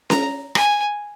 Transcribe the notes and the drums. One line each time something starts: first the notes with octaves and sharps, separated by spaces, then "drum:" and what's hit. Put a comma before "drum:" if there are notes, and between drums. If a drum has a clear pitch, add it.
A#5, drum: snare C#4
G#5, drum: rim click